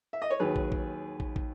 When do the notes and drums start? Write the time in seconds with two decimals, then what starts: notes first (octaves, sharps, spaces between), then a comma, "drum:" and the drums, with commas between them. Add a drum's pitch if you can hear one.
0.13 E5
0.22 D#5
0.30 C#5
0.40 D#2 D#3 F#3 G#4 B4
0.56 drum: kick
0.72 drum: kick
1.20 drum: kick
1.36 drum: kick